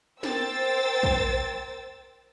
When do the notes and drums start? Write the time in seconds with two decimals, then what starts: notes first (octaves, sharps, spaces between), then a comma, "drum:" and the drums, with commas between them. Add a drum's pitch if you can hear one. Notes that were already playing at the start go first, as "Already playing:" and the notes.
0.23 A#4 C5 G5 E6 A6, drum: snare
1.03 drum: kick A#1